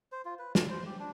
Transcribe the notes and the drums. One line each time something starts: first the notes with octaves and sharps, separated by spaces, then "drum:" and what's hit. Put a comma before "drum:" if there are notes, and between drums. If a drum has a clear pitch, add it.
C5
F4
B4
D5, drum: snare
C5
G4
D4